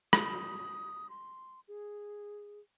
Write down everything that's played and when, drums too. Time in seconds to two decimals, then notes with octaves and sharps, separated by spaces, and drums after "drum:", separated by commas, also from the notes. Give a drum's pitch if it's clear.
0.13 D#6, drum: rim click
1.10 C6
1.68 G#4